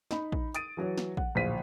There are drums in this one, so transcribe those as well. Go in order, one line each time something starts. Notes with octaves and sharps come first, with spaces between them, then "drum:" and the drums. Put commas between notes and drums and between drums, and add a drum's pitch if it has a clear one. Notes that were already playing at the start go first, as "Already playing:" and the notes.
D#4 B5, drum: snare
drum: kick A#1
D#6 A6 D7 D#7, drum: hi-hat
E3 F#3 F#4 C#5
drum: snare
F#5, drum: kick A#1
D1 A#1 C5 F5 B6 D#7